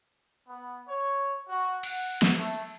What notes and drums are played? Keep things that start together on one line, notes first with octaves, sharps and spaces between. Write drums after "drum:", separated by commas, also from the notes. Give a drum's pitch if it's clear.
B3
C#5
F#4
F#5, drum: cymbal
drum: snare
A3